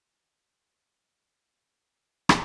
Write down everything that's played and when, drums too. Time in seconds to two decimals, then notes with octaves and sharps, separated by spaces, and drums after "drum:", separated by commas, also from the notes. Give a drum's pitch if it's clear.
0.13 C#2 A#2 F#3
1.30 B1 G#4
1.76 B3 F#4 G4
2.29 drum: rim click